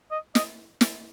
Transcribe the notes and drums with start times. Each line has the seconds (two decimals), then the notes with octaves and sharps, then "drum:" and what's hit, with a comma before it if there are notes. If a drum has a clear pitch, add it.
0.11 D#5
0.35 D#5, drum: snare
0.81 drum: snare